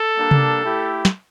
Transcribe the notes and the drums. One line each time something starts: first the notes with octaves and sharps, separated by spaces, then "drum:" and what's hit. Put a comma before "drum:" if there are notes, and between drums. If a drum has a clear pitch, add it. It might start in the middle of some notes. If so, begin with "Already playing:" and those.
Already playing: A4
G3 A#3 D4
drum: tom C3
A3 E4 G4
drum: snare